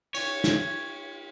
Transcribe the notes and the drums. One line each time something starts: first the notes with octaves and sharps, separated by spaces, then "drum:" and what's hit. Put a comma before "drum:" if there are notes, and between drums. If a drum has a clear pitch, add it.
C#5, drum: cymbal
drum: snare